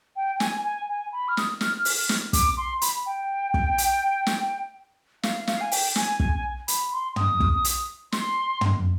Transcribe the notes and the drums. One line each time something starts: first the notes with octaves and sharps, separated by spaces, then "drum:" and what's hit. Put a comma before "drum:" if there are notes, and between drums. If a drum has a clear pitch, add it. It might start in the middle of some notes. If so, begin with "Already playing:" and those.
G5
G5
G#5, drum: snare
G#5
G#5
B5
F6
D#6, drum: snare
F6, drum: snare
drum: open hi-hat
drum: snare
D6, drum: kick, hi-hat
C6
B5, drum: hi-hat
G5
drum: kick
drum: hi-hat
drum: snare
F5, drum: snare
F5, drum: snare
G#5
G5, drum: open hi-hat
G#5, drum: snare
drum: kick
B5, drum: hi-hat
C6
D#6, drum: tom
drum: kick
drum: hi-hat
C6, drum: snare
drum: tom